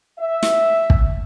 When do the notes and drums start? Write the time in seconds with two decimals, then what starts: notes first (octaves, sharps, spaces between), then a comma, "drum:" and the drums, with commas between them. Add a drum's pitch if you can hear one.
0.19 E5
0.43 drum: snare
0.90 drum: kick